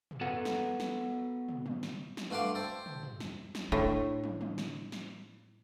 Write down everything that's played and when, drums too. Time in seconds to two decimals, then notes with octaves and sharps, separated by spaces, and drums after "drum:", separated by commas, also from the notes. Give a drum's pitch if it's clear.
0.11 drum: tom
0.21 B3 F#4 A4 B4 F#5
0.45 drum: snare
0.80 drum: snare
1.49 drum: tom
1.66 drum: tom
1.83 drum: snare
2.17 drum: snare
2.31 G2 A3 F#4 F5 C6 D6
2.55 C5 E5 G5 A5
2.86 drum: tom
3.03 drum: tom
3.20 drum: snare
3.55 drum: snare
3.72 A2 D4
4.24 drum: tom
4.41 drum: tom
4.58 drum: snare
4.92 drum: snare